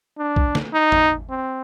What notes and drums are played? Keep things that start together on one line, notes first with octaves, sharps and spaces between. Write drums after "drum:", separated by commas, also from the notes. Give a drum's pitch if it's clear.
D4
drum: kick
drum: snare
D#4
drum: tom
C4